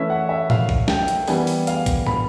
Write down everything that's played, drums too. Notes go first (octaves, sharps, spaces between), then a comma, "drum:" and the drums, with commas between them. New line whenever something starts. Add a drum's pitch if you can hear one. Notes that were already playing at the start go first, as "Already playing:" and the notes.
Already playing: E3 A3 C#4 B4 E5
F#5
E5
F5, drum: tom A2
drum: kick A#1
G5, drum: snare
drum: hi-hat
E3 G3 B3 G#5, drum: open hi-hat
drum: open hi-hat
F5, drum: hi-hat
drum: kick A#1, hi-hat
B5, drum: tom